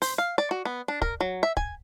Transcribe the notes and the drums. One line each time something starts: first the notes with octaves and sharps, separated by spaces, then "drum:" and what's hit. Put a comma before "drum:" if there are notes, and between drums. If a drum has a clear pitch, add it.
C5, drum: open hi-hat
F5
D5
F#4
B3
D4
A#4, drum: kick
F#3
E5
G#5, drum: kick